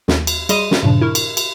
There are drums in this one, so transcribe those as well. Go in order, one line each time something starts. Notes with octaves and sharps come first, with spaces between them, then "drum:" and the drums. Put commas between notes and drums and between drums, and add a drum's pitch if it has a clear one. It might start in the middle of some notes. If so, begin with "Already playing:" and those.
D#2, drum: snare
drum: cymbal
G3 G#4 D#5 C6 D#7, drum: cymbal
drum: snare
G2 A#2 C#3 F3 D4
E4 A#4 C#6
drum: cymbal
drum: cymbal